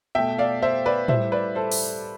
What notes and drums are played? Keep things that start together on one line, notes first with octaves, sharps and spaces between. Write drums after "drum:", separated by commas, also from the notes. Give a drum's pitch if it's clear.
B2 A3 E5 G5
D5 F5
C5 E5
B4 D5
A2 G3 C5 E5, drum: tom A2
B4 D5
A4 C5
drum: open hi-hat